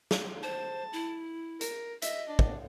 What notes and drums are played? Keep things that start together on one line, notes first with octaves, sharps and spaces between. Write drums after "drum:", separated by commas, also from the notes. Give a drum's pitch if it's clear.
drum: snare
C5 A5
E4
A#4, drum: hi-hat
D#5 E5, drum: hi-hat
D4
drum: kick